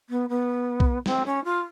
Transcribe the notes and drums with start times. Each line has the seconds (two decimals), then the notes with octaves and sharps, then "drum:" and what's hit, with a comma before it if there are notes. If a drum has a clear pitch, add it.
0.09 B3
0.29 B3
0.80 drum: kick B1
1.06 C4, drum: snare
1.25 C#4
1.44 F4